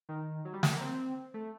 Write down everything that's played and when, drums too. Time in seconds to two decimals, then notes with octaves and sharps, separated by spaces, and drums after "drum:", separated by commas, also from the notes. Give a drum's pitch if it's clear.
0.09 D#3
0.45 F#3
0.53 G3
0.63 A3, drum: snare
0.72 A#3
0.81 C4
1.34 A3